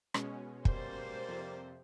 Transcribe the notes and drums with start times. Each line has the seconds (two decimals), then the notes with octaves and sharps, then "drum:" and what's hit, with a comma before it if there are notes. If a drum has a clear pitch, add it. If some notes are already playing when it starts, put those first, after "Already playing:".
0.14 B2 G#3 C#4, drum: rim click
0.65 G3 A#3 C5 D5, drum: kick
1.29 F2 C3